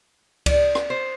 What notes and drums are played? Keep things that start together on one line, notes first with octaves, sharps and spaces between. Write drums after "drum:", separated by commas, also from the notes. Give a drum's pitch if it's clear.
D5, drum: kick C#2, cymbal
drum: rim click
C5